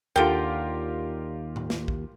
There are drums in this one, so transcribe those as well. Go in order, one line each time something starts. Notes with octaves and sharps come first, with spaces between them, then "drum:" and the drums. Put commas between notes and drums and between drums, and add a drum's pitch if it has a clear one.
D#2 D3 F4 G4 A#4 G5
drum: tom A2
drum: snare
drum: kick A#1